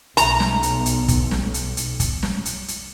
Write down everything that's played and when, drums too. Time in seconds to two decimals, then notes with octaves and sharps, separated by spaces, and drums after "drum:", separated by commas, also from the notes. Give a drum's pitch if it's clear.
0.17 B1 A#5, drum: hi-hat
0.40 drum: snare
0.63 drum: hi-hat
0.86 drum: hi-hat
1.08 drum: kick, hi-hat
1.31 drum: snare
1.54 drum: hi-hat
1.77 drum: hi-hat
2.00 drum: kick, hi-hat
2.23 drum: snare
2.45 drum: hi-hat
2.68 drum: hi-hat